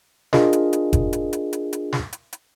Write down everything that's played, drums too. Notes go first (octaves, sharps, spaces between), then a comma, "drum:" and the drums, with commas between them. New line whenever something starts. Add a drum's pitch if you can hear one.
D4 F4 G#4 A#4 D#5, drum: snare
drum: hi-hat
drum: hi-hat
drum: kick F1, hi-hat
drum: hi-hat
drum: hi-hat
drum: hi-hat
drum: hi-hat
drum: snare
drum: hi-hat
drum: hi-hat